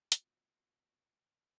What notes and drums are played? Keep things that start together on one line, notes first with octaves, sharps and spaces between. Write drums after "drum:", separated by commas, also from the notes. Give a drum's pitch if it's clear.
F2 C#3 A3 B3 C4 F4 F#4, drum: hi-hat